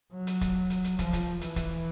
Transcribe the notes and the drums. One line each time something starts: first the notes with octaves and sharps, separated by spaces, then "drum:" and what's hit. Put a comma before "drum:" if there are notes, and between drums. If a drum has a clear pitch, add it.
F#3
drum: hi-hat
drum: kick, hi-hat
drum: hi-hat
drum: hi-hat
F3, drum: kick, hi-hat
drum: kick, hi-hat
E3, drum: hi-hat
drum: kick, hi-hat